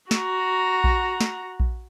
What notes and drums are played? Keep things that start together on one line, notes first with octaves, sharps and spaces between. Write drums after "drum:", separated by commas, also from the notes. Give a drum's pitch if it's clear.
F#4 A#5, drum: snare
drum: kick A#1
drum: snare
drum: kick A#1